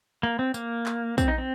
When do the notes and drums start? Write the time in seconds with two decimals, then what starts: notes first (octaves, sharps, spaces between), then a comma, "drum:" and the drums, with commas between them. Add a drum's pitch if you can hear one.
0.23 A#3
0.39 C4
0.54 A#3, drum: tambourine
0.86 drum: clap
1.18 C4, drum: kick, tambourine
1.28 D#4
1.38 C4